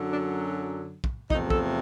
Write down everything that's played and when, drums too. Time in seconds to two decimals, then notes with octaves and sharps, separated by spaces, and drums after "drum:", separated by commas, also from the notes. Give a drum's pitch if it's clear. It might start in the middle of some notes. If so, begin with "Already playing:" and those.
Already playing: F#2 D3 F#3
0.11 D4
1.04 drum: kick
1.30 E2 C3 F3 A3 D#4, drum: kick
1.50 A4, drum: kick